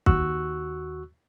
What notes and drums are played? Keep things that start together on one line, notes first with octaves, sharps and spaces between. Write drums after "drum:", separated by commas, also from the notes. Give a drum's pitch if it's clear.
D#2 F#4 C#6 E6 F#6, drum: kick